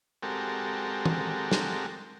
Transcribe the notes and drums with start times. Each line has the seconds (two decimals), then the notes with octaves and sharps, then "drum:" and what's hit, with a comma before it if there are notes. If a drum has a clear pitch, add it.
0.23 G#3 C4 F#4 G4 A4 A#4
1.06 drum: tom
1.51 drum: snare